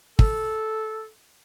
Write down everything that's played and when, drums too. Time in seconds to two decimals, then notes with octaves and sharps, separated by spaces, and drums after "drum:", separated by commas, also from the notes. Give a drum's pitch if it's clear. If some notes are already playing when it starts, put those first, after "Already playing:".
0.19 A4, drum: kick